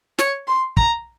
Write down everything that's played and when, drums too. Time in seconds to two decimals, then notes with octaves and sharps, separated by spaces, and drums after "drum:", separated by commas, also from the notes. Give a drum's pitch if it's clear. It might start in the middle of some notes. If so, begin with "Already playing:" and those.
0.19 C#5, drum: snare
0.47 C6
0.77 A#5, drum: kick